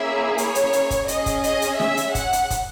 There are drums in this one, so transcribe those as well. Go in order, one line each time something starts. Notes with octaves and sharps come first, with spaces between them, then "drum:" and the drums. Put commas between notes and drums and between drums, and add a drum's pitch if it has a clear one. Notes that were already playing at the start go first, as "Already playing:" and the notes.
Already playing: A#3 C#4 E4 G#4 E5
C#5, drum: hi-hat
drum: hi-hat
drum: hi-hat
drum: kick, hi-hat
C#4 G#4 D#5, drum: hi-hat
drum: kick, hi-hat
D#5, drum: hi-hat
drum: hi-hat
E5, drum: snare
drum: hi-hat
F#5, drum: kick, hi-hat
drum: hi-hat
drum: kick, hi-hat